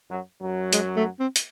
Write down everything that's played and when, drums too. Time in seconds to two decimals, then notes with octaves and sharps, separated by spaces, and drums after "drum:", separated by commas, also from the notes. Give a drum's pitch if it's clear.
0.10 F#2 F#3
0.42 F#2 F#3
0.73 G#3, drum: hi-hat
0.96 A3
1.19 C4
1.36 drum: hi-hat